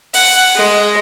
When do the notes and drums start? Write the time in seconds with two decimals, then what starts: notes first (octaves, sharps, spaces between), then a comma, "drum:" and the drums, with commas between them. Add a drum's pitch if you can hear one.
0.14 F#5, drum: open hi-hat
0.55 G#3